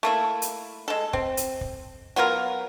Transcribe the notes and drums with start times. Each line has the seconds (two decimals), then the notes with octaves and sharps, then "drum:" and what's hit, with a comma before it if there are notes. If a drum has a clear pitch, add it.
0.03 A3 A#3 E4
0.42 drum: hi-hat
0.88 G#3 A4
1.13 C4, drum: kick
1.37 drum: hi-hat
1.61 drum: kick
2.16 F#3 B3 F4 A#4